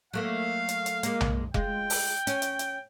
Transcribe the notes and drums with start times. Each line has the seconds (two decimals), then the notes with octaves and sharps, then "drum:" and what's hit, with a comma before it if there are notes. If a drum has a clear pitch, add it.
0.13 F#3 A3 A#3 F5
0.69 drum: hi-hat
0.86 drum: hi-hat
1.03 G#3 A#3, drum: hi-hat
1.21 drum: tom B1
1.54 G#3 F4 G5, drum: kick F1
1.90 drum: open hi-hat
2.27 C#4, drum: hi-hat
2.42 drum: hi-hat
2.59 drum: hi-hat